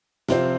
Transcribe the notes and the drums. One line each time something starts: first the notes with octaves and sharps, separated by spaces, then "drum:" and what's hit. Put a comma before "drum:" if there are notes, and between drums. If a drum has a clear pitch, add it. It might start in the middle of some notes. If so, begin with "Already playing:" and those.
C3 F3 C4 F4 C5, drum: snare